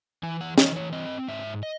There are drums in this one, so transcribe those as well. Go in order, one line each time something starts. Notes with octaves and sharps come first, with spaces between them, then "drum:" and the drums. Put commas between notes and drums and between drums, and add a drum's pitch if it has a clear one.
E3 G#5
F#5
E3 D#5, drum: snare
C#5
C4 D#5
G#2 E5
D#5